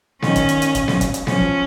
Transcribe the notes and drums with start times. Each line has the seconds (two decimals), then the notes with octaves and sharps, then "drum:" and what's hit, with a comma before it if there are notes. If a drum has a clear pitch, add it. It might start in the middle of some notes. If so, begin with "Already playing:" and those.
0.22 D#3 C#4, drum: snare B3
0.36 drum: kick, hi-hat
0.49 drum: hi-hat
0.62 drum: hi-hat
0.75 drum: kick, hi-hat
0.88 drum: snare B3
1.01 drum: kick, hi-hat
1.14 drum: hi-hat
1.27 F3 C#4, drum: snare B3
1.40 drum: kick